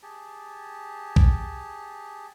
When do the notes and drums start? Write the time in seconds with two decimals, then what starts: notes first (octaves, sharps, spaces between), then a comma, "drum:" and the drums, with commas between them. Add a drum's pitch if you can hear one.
0.03 G4 G#4 A5
1.16 drum: kick A#1